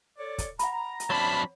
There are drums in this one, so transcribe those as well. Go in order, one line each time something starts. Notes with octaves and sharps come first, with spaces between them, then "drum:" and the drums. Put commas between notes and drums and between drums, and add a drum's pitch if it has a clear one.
A4 C#5 D5
drum: kick, hi-hat
F#5 A#5 B5, drum: hi-hat
drum: hi-hat
F#3 C4 D4 C#5 A5 B5